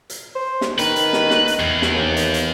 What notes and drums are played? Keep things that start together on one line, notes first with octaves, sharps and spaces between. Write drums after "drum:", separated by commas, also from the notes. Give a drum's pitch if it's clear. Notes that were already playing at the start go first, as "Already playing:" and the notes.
drum: hi-hat
C5
drum: snare
D#3 B4, drum: hi-hat
drum: hi-hat
drum: snare
drum: snare
drum: hi-hat
E2
drum: snare
D#2
drum: hi-hat
drum: hi-hat